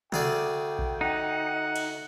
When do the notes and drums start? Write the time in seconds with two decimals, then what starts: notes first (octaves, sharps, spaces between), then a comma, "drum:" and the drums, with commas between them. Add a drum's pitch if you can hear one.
0.12 D2 G#4 D5 G5, drum: tom C3
0.79 drum: kick A#1
1.01 D#4 F#5
1.76 drum: cymbal